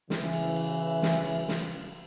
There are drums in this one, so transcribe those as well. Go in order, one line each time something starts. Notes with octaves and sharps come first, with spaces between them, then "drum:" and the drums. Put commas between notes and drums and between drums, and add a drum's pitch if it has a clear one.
C#3 E3, drum: snare
drum: cymbal
drum: cymbal
drum: snare
drum: cymbal
drum: snare